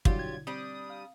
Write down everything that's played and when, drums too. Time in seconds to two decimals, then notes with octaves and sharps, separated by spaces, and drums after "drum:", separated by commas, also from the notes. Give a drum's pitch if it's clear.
0.05 G2 B2 D3 F#3 G3 E4 F4 G4, drum: kick
0.19 G#6
0.47 G3 C4 D4 D#6 G6
0.90 F5